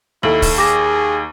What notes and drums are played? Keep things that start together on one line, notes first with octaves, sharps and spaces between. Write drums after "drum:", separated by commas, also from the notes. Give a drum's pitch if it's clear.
D#2 E4 A4 F#7
drum: kick C#1, open hi-hat
G#4 D6 A#6